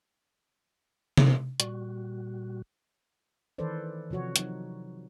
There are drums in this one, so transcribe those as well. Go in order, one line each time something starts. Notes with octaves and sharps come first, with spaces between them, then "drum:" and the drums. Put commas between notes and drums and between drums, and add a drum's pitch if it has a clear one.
drum: tom C3
A#2 G3 F#4, drum: hi-hat
D#3 E3 A4 B4 C5 D5
C3 F3 F#4 C#5
F#3 D#4, drum: hi-hat